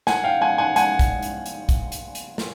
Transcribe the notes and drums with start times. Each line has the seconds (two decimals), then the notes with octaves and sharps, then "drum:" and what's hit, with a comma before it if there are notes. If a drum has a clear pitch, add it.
0.07 F#5 G#5, drum: snare
0.24 F5 G5
0.41 F#5 G#5
0.58 F#5 G#5
0.76 F#5 G#5, drum: hi-hat
0.99 drum: kick, hi-hat
1.23 drum: hi-hat
1.46 drum: hi-hat
1.69 drum: kick, hi-hat
1.92 drum: hi-hat
2.15 drum: hi-hat
2.38 drum: snare